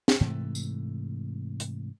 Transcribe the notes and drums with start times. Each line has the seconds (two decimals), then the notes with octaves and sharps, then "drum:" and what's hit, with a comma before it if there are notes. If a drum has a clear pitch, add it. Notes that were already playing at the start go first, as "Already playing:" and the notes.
0.08 drum: snare
0.21 G#2 C3 E3 A3
0.55 drum: tambourine
1.60 drum: hi-hat